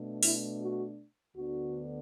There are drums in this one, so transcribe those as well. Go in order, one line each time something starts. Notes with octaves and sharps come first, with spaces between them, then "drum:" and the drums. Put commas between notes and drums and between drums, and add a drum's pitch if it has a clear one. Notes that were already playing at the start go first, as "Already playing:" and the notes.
Already playing: B2 A3 D4
E4, drum: open hi-hat
F#4
D2 D3 B3 D4 F#4